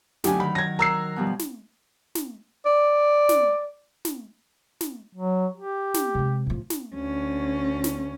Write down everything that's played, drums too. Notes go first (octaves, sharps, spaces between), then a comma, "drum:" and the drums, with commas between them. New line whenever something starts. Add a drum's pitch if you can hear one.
D2 F#3 D#4 G4 G#5, drum: snare
D#3 B5
G#6 A#6
A#4 A#5 E6 F#6 C7
B2 F3 G3
drum: snare
drum: snare
D5
drum: snare
drum: snare
drum: snare
F#3
G4
drum: snare
C3 G#3
A2 F3
drum: snare
D2 C#4
drum: snare